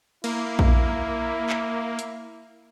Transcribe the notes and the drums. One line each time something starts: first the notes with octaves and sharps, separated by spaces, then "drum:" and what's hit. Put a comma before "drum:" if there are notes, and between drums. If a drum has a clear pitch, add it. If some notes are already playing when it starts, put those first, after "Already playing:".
A#3 E4, drum: cymbal
drum: kick A#1
drum: clap
drum: hi-hat